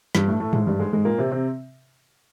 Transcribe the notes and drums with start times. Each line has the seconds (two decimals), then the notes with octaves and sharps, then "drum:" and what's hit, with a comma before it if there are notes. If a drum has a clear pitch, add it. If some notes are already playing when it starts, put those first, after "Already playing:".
0.15 G2 G3, drum: snare
0.28 A2 A3
0.40 A2 A3
0.53 G#2 G#3, drum: tom G#2
0.67 G2 G3
0.79 G#2 G#3
0.93 G#2 G#3
1.05 A#2 A#3
1.18 C3 C4
1.32 C3 C4